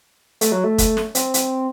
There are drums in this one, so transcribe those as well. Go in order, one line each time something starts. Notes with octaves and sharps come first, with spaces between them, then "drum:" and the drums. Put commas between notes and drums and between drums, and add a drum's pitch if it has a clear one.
A3, drum: hi-hat
F#3
A3
drum: kick, hi-hat
drum: snare
C4, drum: hi-hat
drum: hi-hat